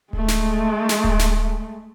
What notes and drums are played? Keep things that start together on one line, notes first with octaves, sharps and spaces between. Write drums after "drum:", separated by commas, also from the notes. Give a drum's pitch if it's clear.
G#3 A3, drum: kick D1
drum: snare
drum: snare
drum: kick D1
drum: snare